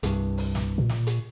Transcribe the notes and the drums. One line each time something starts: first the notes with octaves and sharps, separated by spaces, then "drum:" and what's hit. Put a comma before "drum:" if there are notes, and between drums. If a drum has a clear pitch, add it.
C2 G2, drum: hi-hat
drum: open hi-hat
drum: snare
A#2
drum: snare
drum: hi-hat